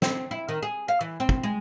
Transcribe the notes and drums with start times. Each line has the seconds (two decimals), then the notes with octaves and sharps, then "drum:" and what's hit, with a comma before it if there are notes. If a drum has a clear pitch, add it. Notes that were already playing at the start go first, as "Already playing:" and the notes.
0.02 C4, drum: snare
0.31 E4
0.49 D#3
0.63 G#4
0.88 F5
1.01 E3
1.20 C4
1.29 drum: kick
1.43 G#3